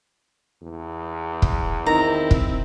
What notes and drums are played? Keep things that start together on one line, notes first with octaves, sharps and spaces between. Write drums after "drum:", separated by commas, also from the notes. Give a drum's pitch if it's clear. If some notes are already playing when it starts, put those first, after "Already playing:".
E2
drum: kick
D#3 C4 E4 A#5
drum: kick